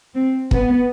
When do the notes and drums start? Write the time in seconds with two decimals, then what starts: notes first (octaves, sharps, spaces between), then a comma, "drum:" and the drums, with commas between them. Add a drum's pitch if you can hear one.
0.14 C4
0.51 B3, drum: kick